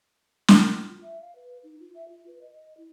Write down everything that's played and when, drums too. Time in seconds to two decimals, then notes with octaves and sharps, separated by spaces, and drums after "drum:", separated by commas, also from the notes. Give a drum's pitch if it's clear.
0.48 drum: snare
0.88 F4
1.02 E5
1.21 F5
1.35 B4
1.63 D#4
1.80 F4
1.95 E5
2.08 F4
2.27 B4
2.41 D#5
2.54 D#5
2.77 E4